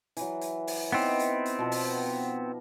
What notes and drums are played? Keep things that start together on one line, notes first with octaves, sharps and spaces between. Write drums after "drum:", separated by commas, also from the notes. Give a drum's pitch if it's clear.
E3 F#3, drum: hi-hat
drum: hi-hat
drum: open hi-hat
B3 C4 D#4 E4 G4
drum: hi-hat
drum: hi-hat
B2 F3
drum: open hi-hat